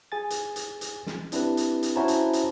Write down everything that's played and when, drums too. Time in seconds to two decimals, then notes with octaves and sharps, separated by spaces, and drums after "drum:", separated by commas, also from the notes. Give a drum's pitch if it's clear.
0.12 G#4 G#5 A6
0.30 drum: hi-hat
0.56 drum: hi-hat
0.81 drum: hi-hat
1.06 drum: snare
1.32 C4 D4 E4 G4 B4, drum: hi-hat
1.57 drum: hi-hat
1.83 drum: hi-hat
1.96 C#4 E4 F#4 C5 A5 A#5
2.08 drum: hi-hat
2.33 drum: hi-hat